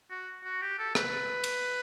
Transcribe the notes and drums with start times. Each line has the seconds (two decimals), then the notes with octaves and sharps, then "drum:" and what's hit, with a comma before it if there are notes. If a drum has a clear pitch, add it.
0.10 F#4
0.44 F#4
0.62 G4
0.79 A4
0.95 B4, drum: rim click
1.44 drum: cymbal